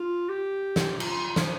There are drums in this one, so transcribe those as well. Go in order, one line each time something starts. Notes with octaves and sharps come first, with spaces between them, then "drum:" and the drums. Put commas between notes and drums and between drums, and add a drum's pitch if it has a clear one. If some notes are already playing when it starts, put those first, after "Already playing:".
Already playing: F4
G4
drum: snare
F4, drum: cymbal
F3, drum: snare